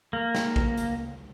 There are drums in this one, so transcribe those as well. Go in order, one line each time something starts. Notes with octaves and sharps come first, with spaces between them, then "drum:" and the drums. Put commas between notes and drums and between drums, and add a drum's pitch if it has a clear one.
A#3
drum: snare
drum: kick
drum: hi-hat